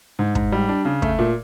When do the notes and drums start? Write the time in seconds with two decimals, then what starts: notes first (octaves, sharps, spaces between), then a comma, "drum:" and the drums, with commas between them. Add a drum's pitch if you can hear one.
0.19 G#2
0.35 G#2, drum: kick
0.52 G3
0.69 D4
0.85 C#3
1.02 A3, drum: kick
1.19 A#2